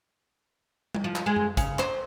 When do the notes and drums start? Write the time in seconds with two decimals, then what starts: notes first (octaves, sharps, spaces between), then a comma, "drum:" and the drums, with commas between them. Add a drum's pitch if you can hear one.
0.95 drum: tom G3
1.04 F3
1.15 drum: clap
1.26 G#3
1.36 drum: tom F#2
1.57 C#3, drum: kick G#1, hi-hat
1.79 C5, drum: clap